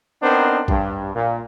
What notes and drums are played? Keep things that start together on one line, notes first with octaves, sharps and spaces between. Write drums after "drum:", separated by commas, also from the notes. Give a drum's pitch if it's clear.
B3 C4 D4 D#4 A#4 C5
G2, drum: kick A#1
A#2